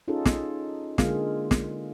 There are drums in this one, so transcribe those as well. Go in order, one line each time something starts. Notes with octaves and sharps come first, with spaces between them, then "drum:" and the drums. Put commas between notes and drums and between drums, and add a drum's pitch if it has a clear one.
C#4 D#4 F4 G#4 A4
drum: snare
D3 G#3 A#3 F4 G#4 F5, drum: snare
drum: snare